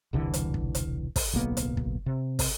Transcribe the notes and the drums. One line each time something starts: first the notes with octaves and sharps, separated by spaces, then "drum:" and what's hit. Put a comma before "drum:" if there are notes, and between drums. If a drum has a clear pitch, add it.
E1 C2 D3 E3
drum: hi-hat
drum: kick
drum: hi-hat
drum: kick, open hi-hat
D1 B1 A#3 B3
drum: hi-hat
drum: kick
C3
drum: kick, open hi-hat